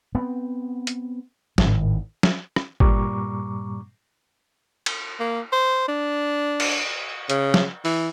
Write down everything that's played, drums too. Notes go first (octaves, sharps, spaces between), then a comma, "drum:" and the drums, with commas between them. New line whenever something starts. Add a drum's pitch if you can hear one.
B3 C4
drum: hi-hat
G#1 A2 D#3, drum: snare
drum: snare
drum: rim click
G2 A#2 G3 A#5 C#6 D6, drum: kick G#1
drum: cymbal
A#3
C5
D4
drum: cymbal
C#3, drum: hi-hat
drum: snare
E3, drum: open hi-hat